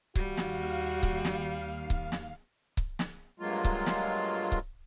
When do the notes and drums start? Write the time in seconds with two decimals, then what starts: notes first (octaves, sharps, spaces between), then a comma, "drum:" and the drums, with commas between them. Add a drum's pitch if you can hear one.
0.15 D#2 G3 F#4 F5, drum: kick C#1
0.37 drum: snare
1.03 drum: kick C#1
1.25 drum: snare
1.90 drum: kick C#1
2.12 drum: snare
2.77 drum: kick C#1
2.99 drum: snare
3.40 G2 F#3 G#3 A#3 F4
3.64 drum: kick C#1
3.86 drum: snare
4.52 drum: kick C#1